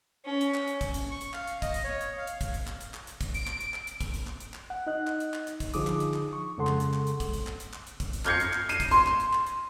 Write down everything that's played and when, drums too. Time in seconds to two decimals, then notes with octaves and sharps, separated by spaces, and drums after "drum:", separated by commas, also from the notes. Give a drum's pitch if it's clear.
0.25 C#4
0.41 drum: hi-hat
0.54 drum: clap
0.68 drum: hi-hat
0.81 drum: kick, hi-hat
0.94 drum: hi-hat
1.11 C#6
1.21 drum: hi-hat
1.34 F5, drum: clap
1.47 drum: hi-hat
1.62 D#5, drum: kick, hi-hat
1.74 drum: hi-hat
1.84 C#5
2.01 drum: hi-hat
2.18 F5
2.27 drum: hi-hat
2.41 drum: kick, hi-hat
2.54 drum: hi-hat
2.67 drum: clap
2.81 drum: hi-hat
2.94 drum: clap
3.07 drum: hi-hat
3.21 drum: kick, hi-hat
3.34 D7, drum: hi-hat
3.47 drum: clap
3.61 drum: hi-hat
3.74 drum: clap
3.87 drum: hi-hat
4.00 drum: kick, hi-hat
4.14 drum: hi-hat
4.27 drum: clap
4.40 drum: hi-hat
4.54 drum: clap
4.70 F#5
4.87 D#4 D#5 F#6
5.07 drum: clap
5.20 drum: hi-hat
5.34 drum: clap
5.47 drum: hi-hat
5.60 drum: kick, hi-hat
5.74 D3 F3 D#4 G#4 D6 D#6, drum: hi-hat
5.87 drum: clap
6.00 drum: hi-hat
6.14 drum: clap
6.33 C#6
6.58 F2 C#3 G#3 A4 F#5 C6
6.67 drum: clap
6.80 drum: hi-hat
6.93 drum: clap
7.07 drum: hi-hat
7.20 drum: kick, hi-hat
7.33 drum: hi-hat
7.47 drum: clap
7.60 drum: hi-hat
7.73 drum: clap
7.87 drum: hi-hat
8.00 drum: kick, hi-hat
8.13 drum: hi-hat
8.25 F6 G6 G#6 C7 C#7, drum: clap
8.40 drum: hi-hat
8.53 drum: clap
8.69 C7 D#7 E7, drum: hi-hat
8.80 drum: kick, hi-hat
8.91 C6, drum: hi-hat
9.07 drum: clap
9.20 drum: hi-hat
9.33 drum: clap
9.46 drum: hi-hat